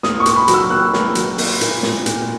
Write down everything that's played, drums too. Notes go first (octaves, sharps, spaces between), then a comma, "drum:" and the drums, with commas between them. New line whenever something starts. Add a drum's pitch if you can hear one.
A#3 D#6, drum: snare
C#6
A#2, drum: hi-hat
B5
F#3, drum: hi-hat
E6
A#3 F#6
A#3, drum: snare
F#3, drum: hi-hat
A#3, drum: open hi-hat
A#2, drum: hi-hat
A#2, drum: snare
A#2, drum: hi-hat